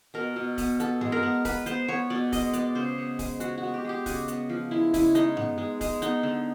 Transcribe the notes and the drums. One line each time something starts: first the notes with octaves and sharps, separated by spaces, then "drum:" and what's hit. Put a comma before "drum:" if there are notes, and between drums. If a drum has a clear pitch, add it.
B2 A#4
B2
B3, drum: kick C#1, open hi-hat
B3 A4, drum: hi-hat
G#3, drum: tom G2
A#4
B3
B3 B4, drum: kick C#1, open hi-hat
B3 C5, drum: hi-hat
B3 C#5
B2 D5
G#3 D#5, drum: kick C#1, open hi-hat
B3 D5, drum: hi-hat
C#3 C5
B3
G#3, drum: kick C#1, open hi-hat
G#3 F#4, drum: hi-hat
F#4
B3
G4
G#3 G4
C#3 F#4, drum: kick C#1, open hi-hat
B3, drum: hi-hat
F3
G#3 E4
C#3 E4, drum: kick C#1, open hi-hat
G#3 D#4, drum: hi-hat
B3, drum: tom G2
G#3
G#3, drum: kick C#1, open hi-hat
B3 D#4, drum: hi-hat
D3